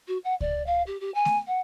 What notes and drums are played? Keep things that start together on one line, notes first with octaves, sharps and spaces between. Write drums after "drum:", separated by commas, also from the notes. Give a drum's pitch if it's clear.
F#4
F#5
D5, drum: kick C#2
F5
G4
G4
G#5
drum: snare A3
F#5